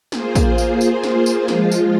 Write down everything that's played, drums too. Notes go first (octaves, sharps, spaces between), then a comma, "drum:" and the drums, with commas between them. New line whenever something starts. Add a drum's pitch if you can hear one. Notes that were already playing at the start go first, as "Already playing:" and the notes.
A#3 F4 G#4 C5, drum: snare
drum: kick, tambourine
drum: tambourine
drum: tambourine
drum: snare
drum: tambourine
F3 G#3 F4, drum: snare
drum: tambourine